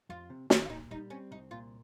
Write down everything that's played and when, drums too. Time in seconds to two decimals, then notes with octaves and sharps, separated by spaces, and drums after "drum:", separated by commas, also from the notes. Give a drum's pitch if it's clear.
0.09 F2 F4
0.30 C3
0.50 D#3, drum: snare
0.65 F4
0.70 A#2 D#4
0.91 G3 D#4
1.10 C4 C#4
1.31 C2 D#4
1.51 A#2 F4